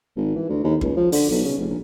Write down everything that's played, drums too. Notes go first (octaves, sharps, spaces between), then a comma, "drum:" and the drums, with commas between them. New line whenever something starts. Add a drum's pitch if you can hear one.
G#1
E3
D2
D#2
C#2, drum: kick
F3
D3, drum: open hi-hat
B1
C#3
F1
A#1